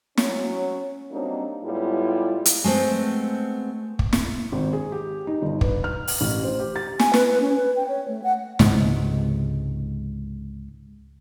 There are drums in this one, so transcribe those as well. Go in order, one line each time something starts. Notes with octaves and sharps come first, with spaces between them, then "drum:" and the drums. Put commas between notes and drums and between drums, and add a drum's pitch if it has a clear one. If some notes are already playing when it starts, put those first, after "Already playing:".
F#3 C#4 C#5, drum: snare
F#3 G3 A#3 C4 D4 D#4
A2 G3 G#3 B3 E4 F4
drum: hi-hat
G#3 A3 B3 C4
drum: kick
drum: snare
G#1
G#4
G4
D#4
G1
B4, drum: kick
F6
drum: open hi-hat
A1
C5
G4
A6
G#5, drum: snare
B4, drum: snare
B4
C#4
B4
G5
C#5
A3
F#5
C#2 G#2 C3 G#3, drum: snare